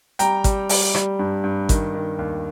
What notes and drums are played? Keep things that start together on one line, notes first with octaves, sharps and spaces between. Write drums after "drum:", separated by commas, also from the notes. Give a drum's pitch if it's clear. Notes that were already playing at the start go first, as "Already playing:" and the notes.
G3 G5 A#5, drum: hi-hat
G3, drum: kick, hi-hat
G3, drum: open hi-hat
G3, drum: rim click
G2
G2
D#3, drum: kick, hi-hat
D#3
D#2